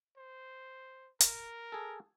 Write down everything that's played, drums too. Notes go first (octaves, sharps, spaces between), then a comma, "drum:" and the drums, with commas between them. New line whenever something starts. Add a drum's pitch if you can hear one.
C5
A#4, drum: hi-hat
G#4 A4